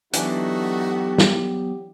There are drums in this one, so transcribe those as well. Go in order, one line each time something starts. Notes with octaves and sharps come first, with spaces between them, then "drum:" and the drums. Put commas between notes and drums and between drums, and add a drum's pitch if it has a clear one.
E3 F#3 A3 B3 D4 D#4 F#4 G4, drum: hi-hat
drum: snare